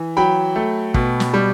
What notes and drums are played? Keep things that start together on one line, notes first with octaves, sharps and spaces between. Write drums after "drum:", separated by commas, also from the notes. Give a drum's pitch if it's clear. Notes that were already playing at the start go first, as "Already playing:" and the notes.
Already playing: E3
F#3 G5 B5
A3
B2, drum: kick
drum: snare
G3